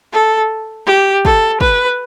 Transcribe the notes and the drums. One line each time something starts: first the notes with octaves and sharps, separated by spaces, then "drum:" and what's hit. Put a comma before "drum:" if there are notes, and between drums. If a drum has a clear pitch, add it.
A4
G4
A4, drum: kick
B4, drum: kick